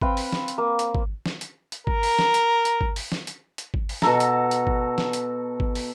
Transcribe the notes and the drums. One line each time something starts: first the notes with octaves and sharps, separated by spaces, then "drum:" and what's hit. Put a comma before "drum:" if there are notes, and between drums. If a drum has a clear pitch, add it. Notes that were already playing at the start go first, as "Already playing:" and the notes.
C4 B4 F5 G5, drum: kick G#1
drum: open hi-hat
drum: snare
drum: hi-hat
A#3
drum: hi-hat
drum: kick G#1
drum: snare
drum: hi-hat
drum: hi-hat
A#4, drum: kick G#1
drum: open hi-hat
drum: snare
drum: hi-hat
drum: hi-hat
drum: kick G#1
drum: open hi-hat
drum: snare
drum: hi-hat
drum: hi-hat
drum: kick G#1
drum: open hi-hat
B2 F#4 A4 A#5, drum: snare
drum: hi-hat
drum: hi-hat
drum: kick G#1
drum: snare
drum: hi-hat
drum: kick G#1
drum: open hi-hat